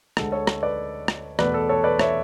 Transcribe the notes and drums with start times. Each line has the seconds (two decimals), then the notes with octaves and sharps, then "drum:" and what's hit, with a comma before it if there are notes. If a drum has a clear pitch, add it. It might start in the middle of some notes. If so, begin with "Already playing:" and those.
0.17 D2 D3 G#3 A4, drum: rim click
0.32 A4 C#5
0.47 drum: rim click
0.63 B4 D5
1.08 drum: rim click
1.39 E2 B2 A3 B4 D5, drum: rim click
1.54 A4
1.69 A4 C#5
1.84 B4 D5
1.99 C#5 E5, drum: rim click